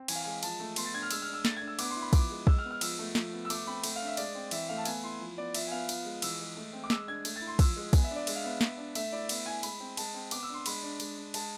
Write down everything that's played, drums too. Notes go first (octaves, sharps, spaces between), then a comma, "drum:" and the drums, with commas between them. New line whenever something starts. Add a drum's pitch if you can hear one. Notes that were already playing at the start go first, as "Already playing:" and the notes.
Already playing: C4
E3 G#5, drum: cymbal
F5
G#3 G#5
F3 A5, drum: cymbal
A3
B3 C6, drum: cymbal
A6
D4 G#6
F6
G#3 E6, drum: cymbal
F6
D4 E6
A3 A6, drum: snare
G#6
D4
E6
B3 D6, drum: cymbal
C6
E4
B5
F3 D6, drum: kick, cymbal
G#3
G#3 E6, drum: kick
F6
B3
F6
F3 E6, drum: cymbal
A3
F3, drum: snare
B3
E6
A3 D6, drum: cymbal
C4 B5
A3, drum: cymbal
F5
D4
E5
G#3 D5, drum: cymbal
C4
E3 E5, drum: cymbal
A3 F5
A5
B3 G#5, drum: cymbal
E4 C6
F3
B3 D5
F3 E5, drum: cymbal
G#5
B3 F5
F3, drum: cymbal
G#3
E3 E6, drum: cymbal
G#3
A3
C4
D6
G#3 E6, drum: snare
D4 G#6
A3, drum: cymbal
A6
E4
C6
F3 E6, drum: kick, cymbal
G#3
B3 G#5, drum: kick, cymbal
E5
D4
D5
G#3 E5, drum: cymbal
F5
B3 E5
B3, drum: snare
D4
A3 E5, drum: cymbal
E4 D5
B3 E5, drum: cymbal
E4 G#5
G#3 B5, drum: cymbal
C4
G#3 A5, drum: cymbal
C4
B3 D6, drum: cymbal
E6
D4 C6
G#3 B5, drum: cymbal
D4
G#3, drum: cymbal
D4
G#3 A5, drum: cymbal